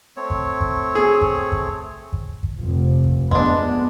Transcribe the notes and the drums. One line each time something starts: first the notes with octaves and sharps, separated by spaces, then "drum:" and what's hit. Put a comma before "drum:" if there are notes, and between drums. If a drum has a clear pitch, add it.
A3 C4 C#5
drum: kick
drum: kick
G#4
drum: kick
drum: kick
drum: kick
drum: kick
F1 C3 F3
drum: kick
F2 G#3 B3 D4, drum: kick